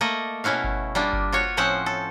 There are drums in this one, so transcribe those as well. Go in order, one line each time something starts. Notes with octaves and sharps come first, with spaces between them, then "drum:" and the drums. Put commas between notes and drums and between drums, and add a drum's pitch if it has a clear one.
A3 A#3 A4 D#5
B2 C#4 E4 F#4 F5
drum: kick G1
G3 A#3 D4 F4
drum: kick G1
F4 F#4 C#5
A2 F3 C4 C#4 C5 F#5
A4